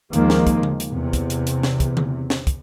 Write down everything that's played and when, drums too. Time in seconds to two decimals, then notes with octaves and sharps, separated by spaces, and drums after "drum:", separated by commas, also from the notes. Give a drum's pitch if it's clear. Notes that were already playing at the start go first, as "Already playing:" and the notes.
0.13 D#2 D#3 F3 G#3 A#3, drum: hi-hat
0.30 drum: snare
0.47 drum: kick, hi-hat
0.63 drum: tom C#3
0.80 drum: hi-hat
0.89 E2 C3
1.13 drum: kick, hi-hat
1.30 drum: hi-hat
1.47 drum: hi-hat
1.63 drum: snare
1.80 drum: kick, hi-hat
1.97 drum: tom C#3
2.30 drum: snare
2.47 drum: kick, hi-hat